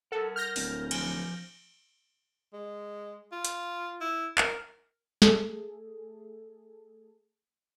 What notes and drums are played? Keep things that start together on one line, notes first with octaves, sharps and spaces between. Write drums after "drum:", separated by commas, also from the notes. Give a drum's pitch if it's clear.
A4 A#4 F#5
F6 G6 A#6
D1, drum: open hi-hat
F3 G#5, drum: cymbal
G#3
F4
drum: hi-hat
E4
A#4, drum: clap
A3 G#4 A4, drum: snare